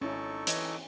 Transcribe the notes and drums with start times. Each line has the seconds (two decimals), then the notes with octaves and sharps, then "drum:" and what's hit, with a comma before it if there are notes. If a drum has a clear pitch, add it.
0.02 G#1 C#4 D#4 E4 A4 C#6
0.47 E3 C#5 D#5, drum: hi-hat